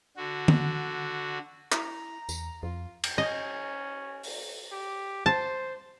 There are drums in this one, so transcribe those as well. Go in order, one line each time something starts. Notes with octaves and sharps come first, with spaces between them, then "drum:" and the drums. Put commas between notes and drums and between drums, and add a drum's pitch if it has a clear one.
D3 F#4
drum: tom D3
E4 A#5, drum: clap
E2, drum: tambourine
F2 F4
drum: cymbal
C#4 D#5
drum: open hi-hat
G4
C5 A5